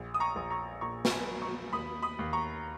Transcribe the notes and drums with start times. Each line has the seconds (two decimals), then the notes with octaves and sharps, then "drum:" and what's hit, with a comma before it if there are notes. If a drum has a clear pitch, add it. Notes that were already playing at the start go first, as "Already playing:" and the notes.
Already playing: A#1
0.14 D#6
0.20 A#5 C#6
0.36 A#1
0.50 A#5 C#6
0.81 A#2 A#5 C#6
1.05 C#6, drum: snare
1.11 G#5 B5
1.26 F#3
1.42 A#5 C#6
1.73 D#2 B5 D#6
2.02 B5 D#6
2.19 D#2
2.33 A#5 C#6